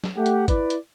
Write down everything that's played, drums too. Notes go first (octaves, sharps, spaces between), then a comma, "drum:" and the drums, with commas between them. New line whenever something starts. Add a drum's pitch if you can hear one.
drum: snare
A3 G4 F#5
drum: hi-hat
E4 B4 D5, drum: kick G#1, hi-hat
drum: hi-hat